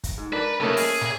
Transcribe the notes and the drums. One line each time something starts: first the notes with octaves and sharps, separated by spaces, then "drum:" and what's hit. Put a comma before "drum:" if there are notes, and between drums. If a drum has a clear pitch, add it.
drum: kick, hi-hat
G#2
D4 A#4 B4
A3 A#3 C#4 B4 D#5
G#4, drum: open hi-hat
drum: snare